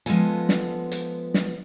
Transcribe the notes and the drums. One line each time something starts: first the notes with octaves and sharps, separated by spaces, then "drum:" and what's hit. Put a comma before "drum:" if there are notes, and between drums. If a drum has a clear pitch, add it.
F3 G#3 B3 F4 A4 G#5, drum: hi-hat
drum: snare
drum: hi-hat
drum: snare